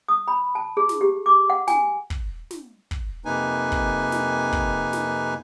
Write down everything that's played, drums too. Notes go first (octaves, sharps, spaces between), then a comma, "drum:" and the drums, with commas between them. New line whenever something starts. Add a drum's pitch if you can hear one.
D#6
B5
A5
G#4
drum: snare
G4
D6
F#5
G#5, drum: snare
drum: kick
drum: snare
drum: kick
F2 C3 A#3 D#4 B4 G#5
drum: kick
drum: snare
drum: kick
drum: snare